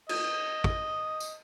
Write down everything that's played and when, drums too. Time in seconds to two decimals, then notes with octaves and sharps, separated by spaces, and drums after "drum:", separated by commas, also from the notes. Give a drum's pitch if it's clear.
0.09 D#5, drum: cymbal
0.64 drum: kick
1.20 drum: tambourine